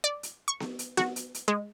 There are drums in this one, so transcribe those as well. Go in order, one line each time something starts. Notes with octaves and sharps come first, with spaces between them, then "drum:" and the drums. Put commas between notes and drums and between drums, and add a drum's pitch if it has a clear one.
D5
drum: hi-hat
C#6
drum: snare B3
drum: hi-hat
F#4, drum: snare B3
drum: hi-hat
drum: hi-hat
G#3